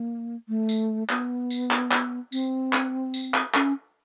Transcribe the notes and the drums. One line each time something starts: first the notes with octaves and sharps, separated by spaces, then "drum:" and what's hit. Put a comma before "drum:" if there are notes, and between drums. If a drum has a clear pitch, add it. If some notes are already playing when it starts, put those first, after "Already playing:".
Already playing: A#3
A3
drum: tambourine
B3, drum: clap
drum: tambourine
drum: clap
drum: clap
C4, drum: tambourine
drum: clap
drum: tambourine
drum: clap
C#4, drum: clap